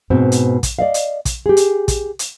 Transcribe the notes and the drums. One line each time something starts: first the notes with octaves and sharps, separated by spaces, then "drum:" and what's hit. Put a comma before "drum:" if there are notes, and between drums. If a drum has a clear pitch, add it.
G#2 B2 B3 C4
drum: hi-hat
drum: kick, hi-hat
D5 D#5 F5
drum: hi-hat
drum: kick, hi-hat
G4 G#4
drum: hi-hat
drum: kick, hi-hat
drum: hi-hat